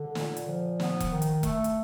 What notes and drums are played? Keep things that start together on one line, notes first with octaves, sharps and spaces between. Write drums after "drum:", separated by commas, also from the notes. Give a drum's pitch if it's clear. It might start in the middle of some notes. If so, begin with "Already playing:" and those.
Already playing: D3
A#2, drum: snare
drum: hi-hat
F3
B3, drum: snare
drum: kick E1, hi-hat
D#3
drum: hi-hat
A3, drum: kick E1, hi-hat
drum: hi-hat